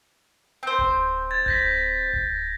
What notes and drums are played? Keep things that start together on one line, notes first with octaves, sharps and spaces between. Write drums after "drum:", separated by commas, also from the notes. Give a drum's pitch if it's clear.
C4 C5
drum: kick D1
G#6 A6
G6 A#6 B6, drum: kick D1
drum: kick D1